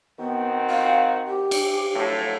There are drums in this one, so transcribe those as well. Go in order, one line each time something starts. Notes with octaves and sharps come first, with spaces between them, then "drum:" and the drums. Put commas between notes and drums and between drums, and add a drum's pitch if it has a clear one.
D#3 B3 C4 F#4
F5
G4
drum: cymbal
A2 F3 F#3